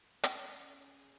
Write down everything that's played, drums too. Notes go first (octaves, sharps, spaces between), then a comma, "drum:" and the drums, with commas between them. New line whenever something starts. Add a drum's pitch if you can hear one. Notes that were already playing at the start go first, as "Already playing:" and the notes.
C#4 G#4 F#5 A#5, drum: hi-hat